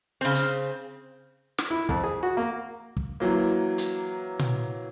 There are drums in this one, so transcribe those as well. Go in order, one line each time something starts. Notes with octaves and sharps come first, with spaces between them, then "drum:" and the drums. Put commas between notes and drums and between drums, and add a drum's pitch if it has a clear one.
C#3 C4
drum: hi-hat
drum: snare
E4
F2, drum: kick
G#4
F#4
A#3
drum: kick
E3 F#3 A#3
drum: hi-hat
drum: tom A#2